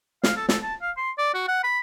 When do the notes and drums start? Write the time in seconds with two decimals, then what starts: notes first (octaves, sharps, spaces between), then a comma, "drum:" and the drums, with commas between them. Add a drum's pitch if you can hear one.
0.23 F5, drum: snare
0.37 A4
0.49 A4, drum: snare
0.63 A5
0.82 F5
0.97 C6
1.18 D5
1.34 F#4
1.48 F#5
1.64 B5